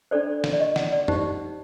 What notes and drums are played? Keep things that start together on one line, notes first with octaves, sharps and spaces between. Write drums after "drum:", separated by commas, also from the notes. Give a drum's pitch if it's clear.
D4 A4 C5 D5
drum: snare
D5
D#5
F#5, drum: snare
D5
D#4 G4 C5, drum: tom F#2